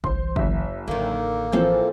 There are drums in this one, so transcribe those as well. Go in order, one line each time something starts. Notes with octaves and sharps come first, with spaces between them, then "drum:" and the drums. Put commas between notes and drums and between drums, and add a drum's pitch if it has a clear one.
C2 E3 C5 C6, drum: kick G1
F#1 E5, drum: kick G1
A1 D3 D#3 A#3
E3 F3 C4 A4 C5 F5